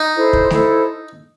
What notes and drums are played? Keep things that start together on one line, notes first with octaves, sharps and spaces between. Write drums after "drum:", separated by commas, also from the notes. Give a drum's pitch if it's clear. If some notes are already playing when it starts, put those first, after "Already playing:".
Already playing: D#4
E4 A4 C5
drum: kick
E4 A4 C5, drum: snare A3